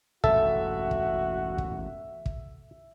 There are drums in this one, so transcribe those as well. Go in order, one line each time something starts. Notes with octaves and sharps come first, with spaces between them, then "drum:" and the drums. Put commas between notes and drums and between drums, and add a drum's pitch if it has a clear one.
E1 A1 G2 F#4 A4 E5, drum: kick
drum: kick
drum: kick
drum: kick